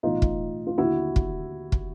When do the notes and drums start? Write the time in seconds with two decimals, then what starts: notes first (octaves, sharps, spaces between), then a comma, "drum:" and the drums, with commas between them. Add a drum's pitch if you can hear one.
0.03 B1 A2 E3 D#4 F4
0.22 drum: kick
0.67 F4
0.78 D#2 D3 E4 F#4
1.16 drum: kick
1.72 drum: kick